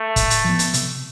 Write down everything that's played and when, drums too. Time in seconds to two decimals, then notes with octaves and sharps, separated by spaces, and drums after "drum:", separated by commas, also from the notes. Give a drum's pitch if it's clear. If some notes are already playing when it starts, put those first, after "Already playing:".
Already playing: A3
0.16 A2, drum: kick, hi-hat
0.30 drum: hi-hat
0.44 F3 B3
0.59 drum: hi-hat
0.74 C3, drum: hi-hat